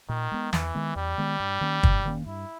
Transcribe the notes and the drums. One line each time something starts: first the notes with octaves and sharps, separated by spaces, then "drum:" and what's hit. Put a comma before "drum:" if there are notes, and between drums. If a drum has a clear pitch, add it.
A#2 D#3
G#3 B3
E2 E3, drum: snare
D#3 G#3 B3
E2 G3
D#3 G#3 B3
G2
D#3 A#3 C#4
G2, drum: kick
D#3 A#3 C#4
G2 E4